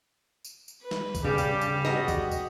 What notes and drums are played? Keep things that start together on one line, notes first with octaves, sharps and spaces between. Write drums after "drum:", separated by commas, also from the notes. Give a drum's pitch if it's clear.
drum: tambourine
drum: tambourine
B4
drum: snare
drum: kick, tambourine
C#3 G3 G4 G#4
drum: tambourine
drum: tambourine
F#4 D#5, drum: snare
drum: kick, tambourine
drum: tambourine